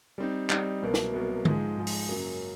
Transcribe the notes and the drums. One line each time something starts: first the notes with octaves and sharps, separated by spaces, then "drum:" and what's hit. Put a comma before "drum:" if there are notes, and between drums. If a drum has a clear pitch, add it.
G3 C4 D#4
G3 C4 D#4, drum: clap
C2 B2 F#3 A#3
drum: snare
C2 B2 F#3 A#3
G#2 F3 G#3, drum: tom D3
G#2 F3 G#3
drum: open hi-hat
F#2 C#3 F#3 A#3